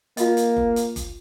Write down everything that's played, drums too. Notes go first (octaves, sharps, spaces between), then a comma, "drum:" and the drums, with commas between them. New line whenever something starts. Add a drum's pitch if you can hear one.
A#3 F4 D#5, drum: hi-hat
drum: hi-hat
drum: kick F#1
drum: hi-hat
drum: kick F#1, hi-hat